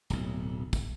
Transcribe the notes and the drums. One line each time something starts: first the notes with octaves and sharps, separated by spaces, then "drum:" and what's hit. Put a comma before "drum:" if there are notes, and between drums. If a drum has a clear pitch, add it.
D1 B1, drum: tambourine
drum: kick, tambourine